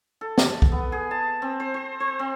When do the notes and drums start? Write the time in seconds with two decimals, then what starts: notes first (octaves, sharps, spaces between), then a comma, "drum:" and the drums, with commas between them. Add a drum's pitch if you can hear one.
0.21 A4
0.38 drum: snare
0.62 drum: kick
0.72 B3
0.92 G#4
1.11 A5
1.42 C4
1.60 C5
1.74 C5
2.00 C5
2.19 C4